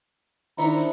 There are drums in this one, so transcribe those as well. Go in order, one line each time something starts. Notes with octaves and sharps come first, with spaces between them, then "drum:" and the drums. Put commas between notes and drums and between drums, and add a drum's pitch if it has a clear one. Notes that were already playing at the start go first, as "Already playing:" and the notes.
D#3 D4 E4 C5 A#5, drum: open hi-hat
drum: hi-hat